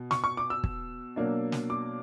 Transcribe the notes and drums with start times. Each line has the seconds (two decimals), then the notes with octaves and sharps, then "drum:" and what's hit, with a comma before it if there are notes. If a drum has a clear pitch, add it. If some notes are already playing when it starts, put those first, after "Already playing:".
Already playing: B2
0.11 C#6, drum: snare
0.24 C#6
0.37 D6
0.50 E6
0.64 drum: kick
1.16 B2 F#3 A#3 D4
1.52 drum: snare
1.70 D6